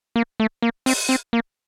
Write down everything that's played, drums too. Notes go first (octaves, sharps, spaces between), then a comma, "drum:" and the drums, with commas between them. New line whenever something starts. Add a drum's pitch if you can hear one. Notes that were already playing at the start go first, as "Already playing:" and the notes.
A#3
A3
A#3
C4, drum: open hi-hat
C4
A#3